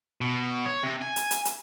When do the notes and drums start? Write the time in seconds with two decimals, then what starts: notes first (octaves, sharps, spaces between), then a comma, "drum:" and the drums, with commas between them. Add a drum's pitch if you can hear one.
0.21 B2
0.66 C#5
0.83 C3
1.01 G#5
1.16 drum: hi-hat
1.31 drum: hi-hat
1.45 drum: hi-hat